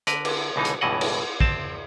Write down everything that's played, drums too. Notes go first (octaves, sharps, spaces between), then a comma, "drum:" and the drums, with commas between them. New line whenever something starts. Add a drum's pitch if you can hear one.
D3 A#4 B4, drum: hi-hat
drum: cymbal
C#2 B2 D3 E3 D#4
drum: hi-hat
C#2 G2 B2 E3 D#5 F#5
drum: cymbal
C4 A5, drum: kick